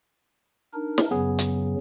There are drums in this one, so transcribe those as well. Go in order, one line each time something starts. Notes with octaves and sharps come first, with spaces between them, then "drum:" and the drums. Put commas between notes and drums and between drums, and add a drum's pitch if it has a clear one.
D4 D#4 A#4
drum: snare
F#2 C#3 F#3 B3 G#4
drum: hi-hat